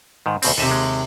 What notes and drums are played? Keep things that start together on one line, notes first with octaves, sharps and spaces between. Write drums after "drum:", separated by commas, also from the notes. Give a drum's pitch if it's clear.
G#2 D#3
D2 B2 C4, drum: open hi-hat
D#2 C3 A4 D#5 E5
G#3